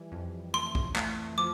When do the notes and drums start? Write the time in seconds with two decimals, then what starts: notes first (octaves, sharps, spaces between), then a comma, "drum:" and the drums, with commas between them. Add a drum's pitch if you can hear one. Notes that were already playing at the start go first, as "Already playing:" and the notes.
Already playing: E3 G3
0.12 F2
0.54 A3 C6
0.75 drum: kick
0.96 A3, drum: clap
1.38 F3 D6